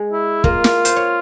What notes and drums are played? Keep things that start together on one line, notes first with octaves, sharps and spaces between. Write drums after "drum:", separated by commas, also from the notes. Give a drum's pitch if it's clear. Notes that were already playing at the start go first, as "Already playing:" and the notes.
Already playing: G#3
E4
A#3 F4, drum: kick
drum: snare
C5, drum: hi-hat
C#5